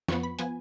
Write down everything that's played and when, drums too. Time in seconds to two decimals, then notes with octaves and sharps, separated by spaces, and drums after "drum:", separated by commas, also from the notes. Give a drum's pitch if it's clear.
0.08 F2 F3 B3 C#6, drum: snare
0.23 B5
0.39 F3 B3 G#5, drum: hi-hat